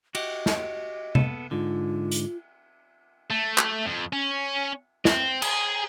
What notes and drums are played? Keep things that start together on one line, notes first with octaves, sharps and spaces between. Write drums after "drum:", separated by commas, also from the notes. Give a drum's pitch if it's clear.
F#4 G4 D#5, drum: cymbal
drum: snare
B3 A4, drum: tom C3
G#2 D3 F4
drum: hi-hat
A3
drum: clap
F2
C#4
C4, drum: snare
G#4, drum: cymbal